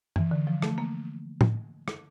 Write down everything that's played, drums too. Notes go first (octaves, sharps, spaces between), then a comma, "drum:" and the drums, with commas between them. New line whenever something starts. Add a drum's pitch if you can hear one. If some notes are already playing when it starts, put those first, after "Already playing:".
E3, drum: tom F#2
D3
F3
A3, drum: rim click
A#3
drum: tom A2
drum: rim click